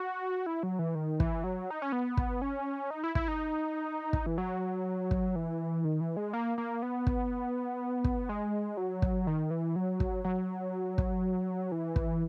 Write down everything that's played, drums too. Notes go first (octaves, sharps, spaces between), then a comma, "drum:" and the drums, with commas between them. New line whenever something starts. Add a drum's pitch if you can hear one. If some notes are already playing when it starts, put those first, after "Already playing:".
Already playing: F#4
E4
F#3
E3
D#3
E3, drum: kick
F#3
D#4
C#4
B3
drum: kick
C#4
D#4
E4
E4, drum: kick
D#4
drum: kick
E3
F#3
drum: kick
E3
D#3
E3
G#3
A#3
A#3
B3
drum: kick
drum: kick
G#3
F#3
drum: kick
D#3
E3
F#3
drum: kick
F#3
drum: kick
E3
drum: kick